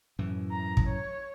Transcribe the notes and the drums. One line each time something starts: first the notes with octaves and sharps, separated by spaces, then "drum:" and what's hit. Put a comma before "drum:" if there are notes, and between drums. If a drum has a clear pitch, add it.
F#2 A2 E3
A#5
drum: kick
C#5